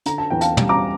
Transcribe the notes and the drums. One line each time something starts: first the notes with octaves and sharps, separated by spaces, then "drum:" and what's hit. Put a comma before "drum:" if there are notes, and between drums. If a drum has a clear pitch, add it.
D3 A#5, drum: hi-hat
A5
E2 G5
F5 A5, drum: hi-hat
G3, drum: tom
A#5 D6